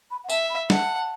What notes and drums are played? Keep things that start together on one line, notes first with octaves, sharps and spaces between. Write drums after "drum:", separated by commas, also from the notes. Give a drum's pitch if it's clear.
B5
F#5
E5 A5, drum: tambourine
B5
F#5 A5, drum: snare